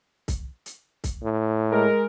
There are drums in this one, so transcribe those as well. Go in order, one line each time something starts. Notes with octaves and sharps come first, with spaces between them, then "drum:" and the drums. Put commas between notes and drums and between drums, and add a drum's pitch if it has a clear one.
drum: kick C2, hi-hat
drum: hi-hat
drum: kick C2, hi-hat
A2
G#3 A#4